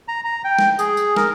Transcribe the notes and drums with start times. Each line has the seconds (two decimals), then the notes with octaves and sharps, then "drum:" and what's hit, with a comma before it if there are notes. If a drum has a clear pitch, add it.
0.08 A#5
0.24 A#5
0.44 G5
0.59 drum: snare
0.79 G#4, drum: tambourine
0.97 drum: tambourine
1.16 A#4, drum: snare